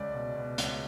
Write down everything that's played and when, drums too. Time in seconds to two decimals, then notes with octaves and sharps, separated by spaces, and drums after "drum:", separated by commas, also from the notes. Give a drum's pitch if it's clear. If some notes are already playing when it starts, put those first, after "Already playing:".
Already playing: C#2 D5
0.14 B2
0.36 B2
0.58 C#2, drum: hi-hat